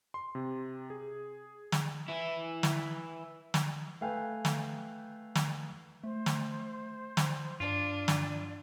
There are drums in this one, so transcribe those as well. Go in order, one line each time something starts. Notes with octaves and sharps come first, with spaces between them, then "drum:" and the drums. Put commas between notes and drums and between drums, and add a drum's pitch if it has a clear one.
C6
C3
G#4
drum: snare
E3 E4
drum: snare
drum: snare
A3 B4 F5 G5 G#5
drum: snare
drum: snare
A3 C5
drum: snare
drum: snare
G2 D4 F4 D5
drum: snare